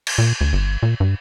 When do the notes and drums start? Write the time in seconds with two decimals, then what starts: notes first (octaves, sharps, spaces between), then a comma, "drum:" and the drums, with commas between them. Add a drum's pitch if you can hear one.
0.07 drum: cymbal
0.18 A#2
0.41 D2
0.53 G1
0.83 A#2
1.00 G2